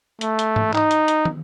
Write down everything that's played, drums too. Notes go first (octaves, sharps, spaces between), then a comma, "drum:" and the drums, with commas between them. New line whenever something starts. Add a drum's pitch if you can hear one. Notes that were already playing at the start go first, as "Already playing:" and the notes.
A3, drum: hi-hat
drum: hi-hat
drum: tom G#2
D#4, drum: clap
drum: hi-hat
drum: hi-hat
drum: tom